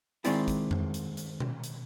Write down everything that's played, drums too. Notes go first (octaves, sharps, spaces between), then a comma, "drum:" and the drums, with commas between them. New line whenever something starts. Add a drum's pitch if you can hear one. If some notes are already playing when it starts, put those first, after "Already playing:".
D#3 G#3 C4 E4 D5, drum: hi-hat
drum: kick, hi-hat
drum: tom F2
drum: hi-hat
drum: hi-hat
drum: tom B2
drum: hi-hat